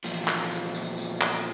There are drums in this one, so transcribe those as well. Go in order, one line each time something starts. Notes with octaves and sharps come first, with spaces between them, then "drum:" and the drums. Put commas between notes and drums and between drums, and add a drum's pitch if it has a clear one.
E2 A#2 F3, drum: tambourine
drum: clap
drum: tambourine
drum: tambourine
drum: tambourine
drum: clap